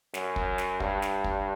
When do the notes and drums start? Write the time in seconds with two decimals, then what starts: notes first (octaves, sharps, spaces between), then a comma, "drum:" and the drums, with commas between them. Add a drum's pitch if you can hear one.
0.14 F#2, drum: snare
0.36 drum: kick
0.58 drum: snare
0.80 G2, drum: kick
1.02 drum: snare
1.24 drum: kick